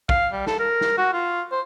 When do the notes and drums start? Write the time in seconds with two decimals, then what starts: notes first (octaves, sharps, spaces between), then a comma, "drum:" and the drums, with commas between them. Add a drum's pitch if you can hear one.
0.09 F5, drum: kick
0.33 G3
0.47 A4, drum: snare
0.59 A#4
0.81 drum: snare
0.98 F#4
1.13 F4
1.52 C5